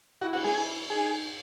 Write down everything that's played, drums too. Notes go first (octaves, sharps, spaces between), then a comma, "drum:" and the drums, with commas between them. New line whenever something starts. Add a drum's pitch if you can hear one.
E4 F#4
F#4, drum: cymbal
G#4, drum: snare
E4
D#4 G#4